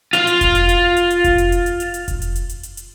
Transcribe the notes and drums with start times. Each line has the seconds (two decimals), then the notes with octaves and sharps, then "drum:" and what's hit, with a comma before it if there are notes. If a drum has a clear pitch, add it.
0.13 F4 F5, drum: hi-hat
0.27 drum: hi-hat
0.41 drum: kick F1, hi-hat
0.55 drum: hi-hat
0.69 drum: hi-hat
0.97 drum: hi-hat
1.10 drum: hi-hat
1.24 drum: kick F1, hi-hat
1.38 drum: hi-hat
1.52 drum: hi-hat
1.66 drum: hi-hat
1.80 drum: hi-hat
1.94 drum: hi-hat
2.08 drum: kick F1, hi-hat
2.22 drum: hi-hat
2.36 drum: hi-hat
2.49 drum: hi-hat
2.63 drum: hi-hat
2.77 drum: hi-hat